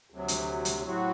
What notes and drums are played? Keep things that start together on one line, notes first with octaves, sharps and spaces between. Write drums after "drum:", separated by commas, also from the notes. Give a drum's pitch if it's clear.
D2 C3 F#3
drum: hi-hat
drum: hi-hat
A2 F#3 C4 F#4